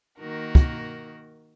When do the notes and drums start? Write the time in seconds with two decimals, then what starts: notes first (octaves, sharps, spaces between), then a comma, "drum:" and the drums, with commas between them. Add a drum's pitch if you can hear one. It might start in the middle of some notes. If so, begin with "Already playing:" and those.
0.19 D#3 A#3 F#4 A#4
0.55 drum: kick